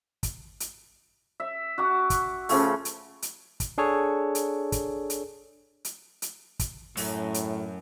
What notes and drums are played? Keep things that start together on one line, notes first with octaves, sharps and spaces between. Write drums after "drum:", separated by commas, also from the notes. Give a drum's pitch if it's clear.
drum: kick, hi-hat
drum: hi-hat
E5
F#4 F#5 D6
drum: kick, hi-hat
C#3 F3 A3, drum: open hi-hat
drum: hi-hat
drum: hi-hat
drum: kick, hi-hat
D4 G#4 A4 C#5
drum: hi-hat
drum: kick, hi-hat
drum: hi-hat
drum: hi-hat
drum: hi-hat
drum: kick, hi-hat
F#2 A2, drum: open hi-hat
drum: hi-hat